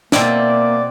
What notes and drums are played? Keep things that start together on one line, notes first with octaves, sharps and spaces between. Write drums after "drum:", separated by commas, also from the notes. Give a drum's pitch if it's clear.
B2 A#3 C4 E4 D5, drum: snare